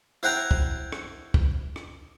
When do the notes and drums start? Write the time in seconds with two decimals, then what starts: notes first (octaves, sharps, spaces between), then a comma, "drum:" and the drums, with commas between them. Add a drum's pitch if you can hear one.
0.23 E4 C5 F#5 G5 A#5
0.51 drum: kick
0.92 drum: rim click
1.34 drum: kick
1.76 drum: rim click